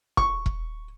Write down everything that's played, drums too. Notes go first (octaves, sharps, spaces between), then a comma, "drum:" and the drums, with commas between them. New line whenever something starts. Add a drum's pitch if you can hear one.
C#6, drum: kick E1
drum: kick E1